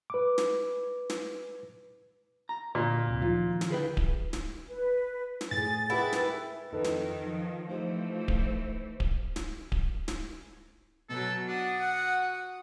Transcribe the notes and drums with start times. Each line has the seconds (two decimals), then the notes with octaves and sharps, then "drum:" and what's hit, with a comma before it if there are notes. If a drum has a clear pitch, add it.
0.10 B4 D6
0.38 drum: snare
1.10 drum: snare
2.49 A#5
2.75 A#2 D3
3.08 D2 G#2 C3
3.22 D#3 F3 F4
3.61 drum: snare
3.70 D3 E4 G#4 B4 G5
3.97 drum: kick D1
4.33 drum: snare
4.69 B4
5.41 drum: snare
5.51 A2 G#4 G#5 A6
5.90 E4 G4 G#4 A#4 B4 F#5 G5
6.13 drum: snare
6.72 F2 D#3 D#4 A4 B4
6.84 drum: snare
7.26 F3
7.69 E3 A3 D#4 G4 C5
8.28 drum: kick D1
9.00 drum: kick D1
9.36 drum: snare
9.72 drum: kick D1
10.08 drum: snare
11.09 B2 F#3 A4
11.47 D4 F#4 D#6
11.80 F#5